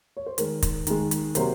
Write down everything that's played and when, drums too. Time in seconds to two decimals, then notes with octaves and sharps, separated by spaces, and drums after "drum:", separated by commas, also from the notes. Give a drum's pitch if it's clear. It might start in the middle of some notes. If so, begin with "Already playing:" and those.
0.17 C#5
0.26 C5
0.38 D#3 G#3 A#4, drum: hi-hat
0.63 drum: kick, hi-hat
0.87 D#3 G#3, drum: hi-hat
1.11 drum: hi-hat
1.35 C3 F#3 A#3 C5, drum: hi-hat